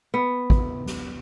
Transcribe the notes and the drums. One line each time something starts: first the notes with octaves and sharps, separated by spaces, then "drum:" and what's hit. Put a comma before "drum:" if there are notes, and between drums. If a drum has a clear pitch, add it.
B3
drum: kick
drum: snare